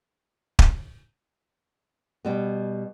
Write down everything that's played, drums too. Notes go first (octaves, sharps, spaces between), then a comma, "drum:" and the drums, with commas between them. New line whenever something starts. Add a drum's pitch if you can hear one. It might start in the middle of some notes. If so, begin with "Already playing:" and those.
drum: kick
B2 G3 B3